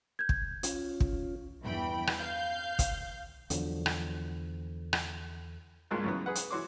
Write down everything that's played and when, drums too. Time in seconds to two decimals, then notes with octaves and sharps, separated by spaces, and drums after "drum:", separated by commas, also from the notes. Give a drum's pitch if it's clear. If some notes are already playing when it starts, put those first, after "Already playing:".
0.19 G6 G#6
0.29 drum: kick
0.63 C#4 F4, drum: hi-hat
1.00 drum: kick
1.61 E2 G2 E3 G5 B5
2.07 drum: rim click
2.18 F5 G6
2.79 drum: kick, hi-hat
3.50 E2 D3 F3 F#3, drum: hi-hat
3.86 drum: rim click
4.93 drum: rim click
5.91 C2 G2 G#3 A#3 F4 F#6
6.04 F#2 C#3 E3 B3
6.26 G#4 B4 F#5
6.35 drum: hi-hat
6.51 E3 F#4 C#5 C6 D6